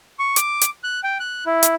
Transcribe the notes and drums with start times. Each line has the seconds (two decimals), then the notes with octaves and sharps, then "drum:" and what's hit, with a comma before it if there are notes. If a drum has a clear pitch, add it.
0.19 C#6
0.36 D6, drum: hi-hat
0.61 drum: hi-hat
0.84 F#6
1.04 G5
1.20 F#6
1.46 E4
1.63 drum: hi-hat